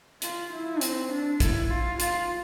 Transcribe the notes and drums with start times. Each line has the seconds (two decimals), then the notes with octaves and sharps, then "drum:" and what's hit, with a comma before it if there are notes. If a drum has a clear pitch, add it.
0.22 F4, drum: hi-hat
0.52 E4
0.81 C4, drum: hi-hat
1.11 D4
1.40 E4, drum: kick, hi-hat
1.70 F4
2.00 F4, drum: hi-hat